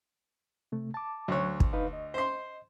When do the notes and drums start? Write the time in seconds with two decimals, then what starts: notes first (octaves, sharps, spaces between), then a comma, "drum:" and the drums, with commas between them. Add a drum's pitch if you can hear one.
0.72 C3 A3
0.94 A5 D6
1.28 D2 F#3 C#5 F#6
1.60 drum: kick
1.73 D#4 B4 F5
1.93 D#5
2.14 C5 C6